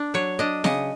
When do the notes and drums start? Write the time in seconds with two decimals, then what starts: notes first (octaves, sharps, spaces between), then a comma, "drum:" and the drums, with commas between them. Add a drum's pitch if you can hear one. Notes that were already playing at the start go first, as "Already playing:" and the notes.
Already playing: D4
0.14 F#3 C#5
0.39 D4 D#5
0.64 C#3 D#5, drum: snare